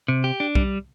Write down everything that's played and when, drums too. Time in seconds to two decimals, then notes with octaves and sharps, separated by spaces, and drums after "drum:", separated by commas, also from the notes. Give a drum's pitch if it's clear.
0.08 C3
0.24 G4
0.40 D4
0.55 G3, drum: kick B1